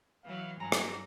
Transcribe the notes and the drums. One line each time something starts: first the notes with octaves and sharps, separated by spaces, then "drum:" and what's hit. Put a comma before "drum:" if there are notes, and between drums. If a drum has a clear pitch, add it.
E3 F#3 F5
G2 F#3 G#5 A#5
drum: rim click